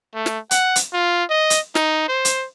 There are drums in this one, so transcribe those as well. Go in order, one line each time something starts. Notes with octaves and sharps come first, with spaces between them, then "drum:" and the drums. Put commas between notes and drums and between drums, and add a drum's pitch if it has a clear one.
A3
drum: snare
F#5, drum: hi-hat
drum: hi-hat
F4
D#5
drum: hi-hat
D#4, drum: snare
C5
drum: hi-hat